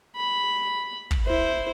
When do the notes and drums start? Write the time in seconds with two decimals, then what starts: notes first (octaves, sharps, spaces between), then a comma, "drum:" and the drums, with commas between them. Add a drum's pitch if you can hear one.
0.16 B5
1.11 drum: kick
1.26 E4 C5